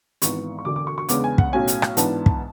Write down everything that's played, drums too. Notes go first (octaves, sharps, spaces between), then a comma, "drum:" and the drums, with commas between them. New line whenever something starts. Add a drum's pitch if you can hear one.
G#1 G#2 E3 B3 C#6, drum: hi-hat
C#6
E1 D2 D3 D6
D6
C#6
C#6
E2 C#3 G#3 B3 D4 D6, drum: hi-hat
G#5
F#5, drum: kick
B1 A2 F#3 C#4 G#5
drum: hi-hat
drum: rim click
G#2 E3 B3 D4 A5, drum: hi-hat
drum: kick